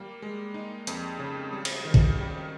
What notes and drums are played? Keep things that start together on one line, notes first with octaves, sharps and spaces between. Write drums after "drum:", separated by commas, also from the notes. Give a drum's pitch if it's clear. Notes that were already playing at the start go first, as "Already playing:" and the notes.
Already playing: G3 A#3
G#3
D#4
F2, drum: hi-hat
C#3
G3
drum: cymbal
D#3
drum: kick
G3